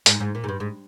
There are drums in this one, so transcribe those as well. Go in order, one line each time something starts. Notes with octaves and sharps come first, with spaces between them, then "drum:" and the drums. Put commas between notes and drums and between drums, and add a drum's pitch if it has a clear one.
G#2, drum: hi-hat
G#2
A#2
G#2
G2
G#2